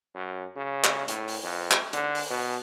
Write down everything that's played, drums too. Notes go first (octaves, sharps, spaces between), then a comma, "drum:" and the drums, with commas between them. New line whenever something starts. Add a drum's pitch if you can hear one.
F#2
C#3
drum: clap
A2, drum: hi-hat
drum: open hi-hat
F2
drum: clap
D3, drum: hi-hat
drum: open hi-hat
B2